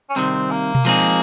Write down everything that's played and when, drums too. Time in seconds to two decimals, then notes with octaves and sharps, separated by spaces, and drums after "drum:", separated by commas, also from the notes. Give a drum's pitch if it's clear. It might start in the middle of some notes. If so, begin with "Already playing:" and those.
0.09 C#4
0.16 C2 C3 D#3 C4
0.51 A#3
0.75 drum: tom B2
0.85 F3 G#3 A#3 C4 D#4 G#4